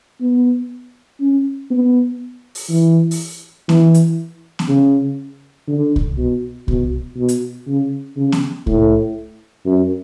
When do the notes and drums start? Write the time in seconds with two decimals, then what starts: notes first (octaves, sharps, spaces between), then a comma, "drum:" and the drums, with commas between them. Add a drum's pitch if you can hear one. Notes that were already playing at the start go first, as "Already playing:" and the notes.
0.21 B3
1.20 C#4
1.70 B3
2.55 drum: open hi-hat
2.69 E3
3.11 drum: open hi-hat
3.69 E3, drum: snare B3
3.94 drum: hi-hat
4.59 drum: snare B3
4.69 C#3
5.68 D3
5.96 drum: kick C2
6.18 B2
6.68 B2, drum: kick C2
7.17 B2
7.28 drum: hi-hat
7.67 C#3
8.17 C#3
8.32 drum: snare B3
8.67 A2, drum: kick C2
9.66 F#2